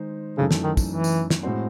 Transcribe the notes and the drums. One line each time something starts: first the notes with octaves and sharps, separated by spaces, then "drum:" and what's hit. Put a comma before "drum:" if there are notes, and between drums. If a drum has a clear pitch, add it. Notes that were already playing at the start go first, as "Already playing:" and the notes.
Already playing: D#3 G#3 D#4 C5
F#2 C#3 E3 A3 D#4 A4
drum: snare
D#3
drum: kick, tambourine
E3
drum: tambourine
drum: snare
A2 G#3 C4 F#4 C5